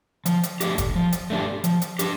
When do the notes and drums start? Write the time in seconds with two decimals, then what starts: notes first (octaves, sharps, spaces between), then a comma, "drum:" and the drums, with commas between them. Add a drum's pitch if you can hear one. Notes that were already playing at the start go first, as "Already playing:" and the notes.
0.26 F3, drum: hi-hat
0.43 drum: hi-hat
0.61 A3 D4 G4, drum: hi-hat
0.78 drum: kick E1, hi-hat
0.96 F3
1.12 drum: hi-hat
1.30 A3 D4 G4
1.64 F3, drum: hi-hat
1.82 drum: hi-hat
1.99 D4 G4, drum: hi-hat